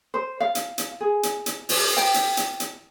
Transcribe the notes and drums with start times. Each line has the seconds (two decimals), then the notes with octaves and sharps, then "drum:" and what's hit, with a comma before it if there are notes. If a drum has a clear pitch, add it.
0.14 C5
0.40 F5
0.55 drum: hi-hat
0.78 drum: hi-hat
1.01 G#4
1.23 drum: hi-hat
1.46 drum: hi-hat
1.69 drum: open hi-hat
1.97 G5
2.14 drum: hi-hat
2.37 drum: hi-hat
2.60 drum: hi-hat